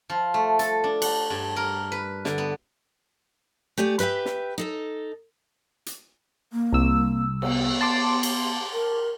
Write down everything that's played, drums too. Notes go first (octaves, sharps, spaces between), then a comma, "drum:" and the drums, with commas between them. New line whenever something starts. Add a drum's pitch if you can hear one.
F3
A3
A4, drum: hi-hat
D4
F#5, drum: cymbal
G2
A#4
B4
D3, drum: snare
B3
A3 G4 D5 G#5
G4 B4 D#5 E5 G5
drum: snare
D#4 A4 D#5
drum: hi-hat
A#3
C2 E6
B3, drum: cymbal
A5 C6 D6
drum: cymbal
A#4